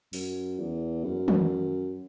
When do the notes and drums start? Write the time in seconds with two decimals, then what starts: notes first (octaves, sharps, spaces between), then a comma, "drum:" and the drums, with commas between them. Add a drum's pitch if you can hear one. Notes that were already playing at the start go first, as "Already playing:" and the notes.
0.13 F#2, drum: open hi-hat
0.59 E2
1.04 F#2
1.28 drum: tom